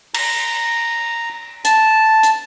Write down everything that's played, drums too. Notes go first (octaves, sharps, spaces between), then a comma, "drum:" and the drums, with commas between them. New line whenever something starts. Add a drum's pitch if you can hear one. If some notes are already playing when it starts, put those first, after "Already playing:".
A#5, drum: cymbal
A5, drum: hi-hat
drum: hi-hat